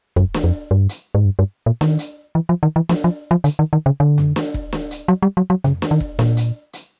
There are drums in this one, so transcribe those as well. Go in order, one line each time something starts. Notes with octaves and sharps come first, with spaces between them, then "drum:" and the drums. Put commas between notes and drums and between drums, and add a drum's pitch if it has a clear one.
F#2, drum: kick E1
drum: snare
F2
G2
drum: hi-hat
G#2
G2
G2
A#2
D#3, drum: snare
drum: hi-hat
E3
F3
D#3
E3
F3, drum: snare
F3
F3
D3, drum: hi-hat
D#3
D#3
C#3
D3
drum: tom F2
drum: snare
drum: kick E1
drum: snare
drum: hi-hat
F#3
G3
F#3
F#3
C#3, drum: tom F2
drum: snare
D#3
drum: kick E1
A#2, drum: snare
drum: hi-hat
drum: hi-hat